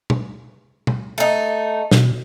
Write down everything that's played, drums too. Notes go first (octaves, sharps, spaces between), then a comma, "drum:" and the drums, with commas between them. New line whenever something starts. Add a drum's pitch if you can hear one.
drum: tom B2
drum: tom B2
A3 D#4
B2, drum: snare